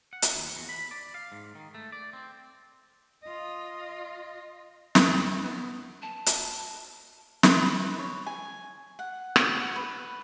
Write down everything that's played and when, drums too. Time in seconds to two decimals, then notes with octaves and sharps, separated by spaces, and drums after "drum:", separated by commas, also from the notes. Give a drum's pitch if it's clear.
0.13 F#5
0.22 drum: hi-hat
0.36 D#2
0.55 E2
0.69 B5
0.91 D5
1.14 F5
1.32 G#2
1.55 D#3
1.75 A3
1.92 D5
2.13 C4
3.23 F4 D#5
4.95 F2, drum: snare
5.44 B3
6.02 A5
6.26 drum: hi-hat
7.43 C6, drum: snare
7.61 B4
7.99 C#5
8.27 G#5
8.99 F#5
9.36 C#5, drum: rim click
9.60 F#5
9.76 B4